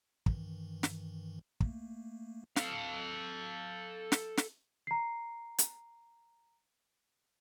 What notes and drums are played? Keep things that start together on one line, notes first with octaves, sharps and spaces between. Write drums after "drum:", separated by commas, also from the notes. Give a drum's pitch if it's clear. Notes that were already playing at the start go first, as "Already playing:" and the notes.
G2 D#3 E3, drum: kick
drum: snare
A3 A#3, drum: kick
A4 F5, drum: snare
drum: snare
drum: snare
A#5 C7
drum: hi-hat